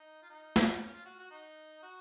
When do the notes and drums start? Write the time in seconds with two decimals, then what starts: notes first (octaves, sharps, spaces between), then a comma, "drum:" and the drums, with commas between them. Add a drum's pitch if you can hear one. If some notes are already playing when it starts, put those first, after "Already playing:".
Already playing: D#4
0.22 F4
0.29 D#4
0.56 drum: snare
0.80 C#4
0.94 F4
1.05 F#4
1.19 F#4
1.31 D#4
1.83 F#4